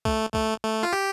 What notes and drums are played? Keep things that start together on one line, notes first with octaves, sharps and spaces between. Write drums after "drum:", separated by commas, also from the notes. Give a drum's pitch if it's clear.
A3, drum: kick C2
A3, drum: kick C2
A3
F4
G4